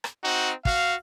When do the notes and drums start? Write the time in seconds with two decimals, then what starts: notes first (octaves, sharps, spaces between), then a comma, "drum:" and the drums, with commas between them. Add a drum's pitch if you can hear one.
0.04 drum: rim click
0.23 C4 D#4 F#4
0.65 F#4 F5, drum: kick